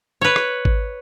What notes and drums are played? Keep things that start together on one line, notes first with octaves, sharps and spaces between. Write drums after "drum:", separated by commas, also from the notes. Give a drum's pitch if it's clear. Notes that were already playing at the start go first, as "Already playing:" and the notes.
B4 C#5
drum: rim click
drum: kick G#1